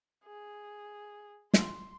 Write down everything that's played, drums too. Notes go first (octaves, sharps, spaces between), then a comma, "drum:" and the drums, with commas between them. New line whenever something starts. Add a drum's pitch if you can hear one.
G#4
C6, drum: snare